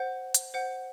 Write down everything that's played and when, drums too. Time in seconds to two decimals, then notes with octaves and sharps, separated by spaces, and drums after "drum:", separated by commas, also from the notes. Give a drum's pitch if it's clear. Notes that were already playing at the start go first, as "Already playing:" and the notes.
Already playing: C5 F#5
0.34 drum: hi-hat
0.54 C5 F#5